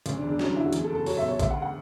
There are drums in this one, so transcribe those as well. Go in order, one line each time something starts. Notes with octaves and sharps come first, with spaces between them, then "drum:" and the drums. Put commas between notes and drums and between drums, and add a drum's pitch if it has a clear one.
D2 C#4, drum: hi-hat
D4
E1
D4
F#3 C#4, drum: snare
D4
D3 E4
F#4
E2 G#4, drum: hi-hat
A4
F#1
A4
F#3 C#5, drum: open hi-hat
E5
B2
C#5
D2 E5, drum: kick A#1, hi-hat
F#5
F#5